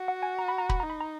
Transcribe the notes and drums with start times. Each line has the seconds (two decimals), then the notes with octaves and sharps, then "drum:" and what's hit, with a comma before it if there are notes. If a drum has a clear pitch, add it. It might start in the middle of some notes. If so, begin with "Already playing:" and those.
Already playing: F#4
0.08 F#5
0.23 G#5
0.39 A#5
0.48 B5
0.58 A#5
0.69 B5, drum: kick
0.80 D#4 A#5
0.90 B5
1.01 A#5